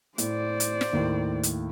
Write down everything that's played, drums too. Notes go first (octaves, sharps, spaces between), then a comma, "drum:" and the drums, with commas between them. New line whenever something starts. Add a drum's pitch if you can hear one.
A2 C5 D5, drum: hi-hat
drum: hi-hat
drum: snare
D#2 A2
drum: hi-hat